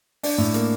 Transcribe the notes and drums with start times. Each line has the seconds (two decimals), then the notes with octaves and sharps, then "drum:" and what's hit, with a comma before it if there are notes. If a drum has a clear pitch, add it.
0.23 D4, drum: open hi-hat
0.38 A2
0.54 A#3, drum: hi-hat